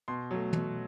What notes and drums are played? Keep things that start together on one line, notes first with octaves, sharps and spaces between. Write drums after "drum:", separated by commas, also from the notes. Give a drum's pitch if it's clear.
B2 C6
F#3 A3
B2, drum: tom